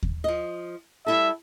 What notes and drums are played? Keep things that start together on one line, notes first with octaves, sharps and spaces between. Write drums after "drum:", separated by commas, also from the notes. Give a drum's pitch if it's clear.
drum: kick D#2
F3 D#5
G3 E4 A4 E5